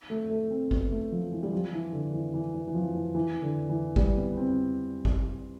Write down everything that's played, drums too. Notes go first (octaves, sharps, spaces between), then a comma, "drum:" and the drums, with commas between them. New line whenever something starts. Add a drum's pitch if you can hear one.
A3
A3
C4
B3, drum: kick G#1
A3
F3
E3
G3
F3
E3
D3
E3
E3
E3
E3
F3
E3
E3
D3
E3
G3, drum: kick G#1
B3
C4
drum: kick G#1